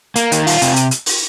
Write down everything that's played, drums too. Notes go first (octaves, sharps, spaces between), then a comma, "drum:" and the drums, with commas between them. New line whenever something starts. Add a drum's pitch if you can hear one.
A#3, drum: hi-hat
D#3, drum: hi-hat
F4, drum: open hi-hat
C3, drum: hi-hat
drum: hi-hat
drum: hi-hat
drum: open hi-hat